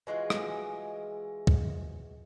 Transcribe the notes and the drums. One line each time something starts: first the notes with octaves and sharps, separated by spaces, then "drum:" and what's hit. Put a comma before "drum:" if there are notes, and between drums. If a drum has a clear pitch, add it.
E3 G#3 F4 F#4
drum: rim click
drum: kick